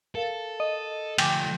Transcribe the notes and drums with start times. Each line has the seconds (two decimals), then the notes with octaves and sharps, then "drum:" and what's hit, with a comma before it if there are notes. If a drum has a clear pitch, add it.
0.15 A4 A#4 F5
0.60 D#5
1.18 D3 F3 A3 G5 G#5 D6, drum: cymbal